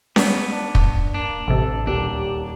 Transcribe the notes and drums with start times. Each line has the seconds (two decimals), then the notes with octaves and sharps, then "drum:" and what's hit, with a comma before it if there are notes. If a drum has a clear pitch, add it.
0.16 B3, drum: snare C#4
0.51 D4
0.75 drum: kick
1.14 A#3 D4
1.48 A1 C3 A4
1.87 D#1 D4 G4